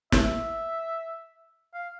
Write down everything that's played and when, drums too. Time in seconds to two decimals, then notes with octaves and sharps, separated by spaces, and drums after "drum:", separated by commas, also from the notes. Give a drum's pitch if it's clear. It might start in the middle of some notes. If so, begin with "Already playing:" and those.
0.12 E5, drum: snare
1.74 F5